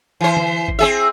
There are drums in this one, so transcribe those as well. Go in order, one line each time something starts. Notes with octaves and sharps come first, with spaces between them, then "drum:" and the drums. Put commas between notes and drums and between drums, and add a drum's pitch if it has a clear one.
E3 C5
drum: tom D3
drum: kick G#1
C4 G#4 E5